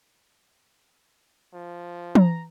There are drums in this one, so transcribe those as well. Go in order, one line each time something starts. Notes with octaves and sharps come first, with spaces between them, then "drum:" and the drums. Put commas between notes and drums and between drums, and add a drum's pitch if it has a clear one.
F3
A#5, drum: tom